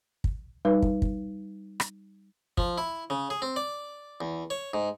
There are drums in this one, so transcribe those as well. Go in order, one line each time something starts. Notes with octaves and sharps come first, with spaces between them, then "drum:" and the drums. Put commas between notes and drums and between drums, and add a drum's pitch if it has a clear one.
drum: kick
G3 D#4 B4
drum: kick
drum: kick
drum: rim click
F3, drum: kick
E4
C#3
G#4
C4
D5
E2
C#5
G#2